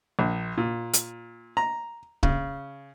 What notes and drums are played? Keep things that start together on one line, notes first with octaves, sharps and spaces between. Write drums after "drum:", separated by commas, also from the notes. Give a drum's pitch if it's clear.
A#1
A#2
drum: hi-hat
A#5
C#3, drum: kick C#1